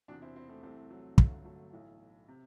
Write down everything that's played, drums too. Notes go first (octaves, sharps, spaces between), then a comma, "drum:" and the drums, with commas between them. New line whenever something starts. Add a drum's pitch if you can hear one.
E1 E2 C3 D4 F#4
C4 E4
C4 E4
A3 C4
C2 C3 E3 A3 C4
F#3 A3
G1 G2 D3 F#3 A3, drum: kick
F#3 A3
B1 A2 E3
C3